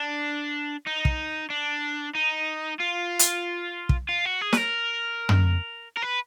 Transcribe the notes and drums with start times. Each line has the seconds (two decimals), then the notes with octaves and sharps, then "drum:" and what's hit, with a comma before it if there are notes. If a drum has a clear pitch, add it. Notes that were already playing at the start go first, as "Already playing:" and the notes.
Already playing: D4
0.86 D#4
1.05 drum: kick
1.50 D4
2.15 D#4
2.80 F4
3.19 drum: hi-hat
3.89 drum: kick
4.09 F4
4.25 F#4
4.41 G#4
4.53 B4, drum: snare
4.57 A#4
5.29 drum: tom
5.97 A#4
6.02 B4